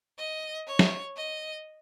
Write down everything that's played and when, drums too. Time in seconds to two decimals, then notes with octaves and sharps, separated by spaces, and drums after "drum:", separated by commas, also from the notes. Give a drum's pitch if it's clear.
0.18 D#5
0.68 C#5
0.79 drum: snare
1.17 D#5